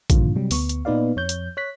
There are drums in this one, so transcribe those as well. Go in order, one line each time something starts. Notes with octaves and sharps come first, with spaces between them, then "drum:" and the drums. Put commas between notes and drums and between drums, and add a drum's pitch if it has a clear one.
G2 A#2 D3 D#3 F3 F4, drum: kick A1, hi-hat
C3 F#3 G3
D2 B3 C#6, drum: open hi-hat
drum: hi-hat
A#2 B3 D#4 B4 D5 F5
F2 C#5 G6
drum: hi-hat
C#5 F#6 B6